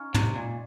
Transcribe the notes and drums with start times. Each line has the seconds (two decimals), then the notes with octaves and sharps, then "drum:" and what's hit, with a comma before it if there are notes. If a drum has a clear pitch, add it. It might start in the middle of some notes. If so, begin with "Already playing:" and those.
Already playing: C#4 D#4 F4
0.14 C3, drum: tom
0.35 A#2